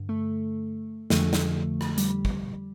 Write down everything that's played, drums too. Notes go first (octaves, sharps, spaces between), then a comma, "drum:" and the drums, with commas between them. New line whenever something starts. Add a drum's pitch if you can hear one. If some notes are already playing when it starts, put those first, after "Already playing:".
Already playing: G2 D3
A3
F2 D3 F3 A3, drum: snare
drum: snare
drum: rim click
G3, drum: hi-hat
drum: kick